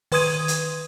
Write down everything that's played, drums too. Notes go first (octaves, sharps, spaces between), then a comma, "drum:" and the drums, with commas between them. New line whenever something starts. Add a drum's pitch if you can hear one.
D#3 B4 C6 D#6 G#6 D#7, drum: open hi-hat
drum: hi-hat